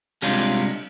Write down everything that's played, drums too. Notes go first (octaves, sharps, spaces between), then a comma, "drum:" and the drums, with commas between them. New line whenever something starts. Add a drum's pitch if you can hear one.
C3 G3 G#3 C#4 D4 F4, drum: cymbal